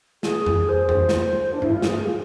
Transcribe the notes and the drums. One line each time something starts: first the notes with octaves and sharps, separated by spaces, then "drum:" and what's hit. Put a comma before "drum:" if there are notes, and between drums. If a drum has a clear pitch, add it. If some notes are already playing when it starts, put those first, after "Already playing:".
G#4, drum: snare
drum: tom F2
C5
drum: tom F2
drum: snare
D4
E4, drum: tom G2
F4
G#4, drum: snare
G#4
F4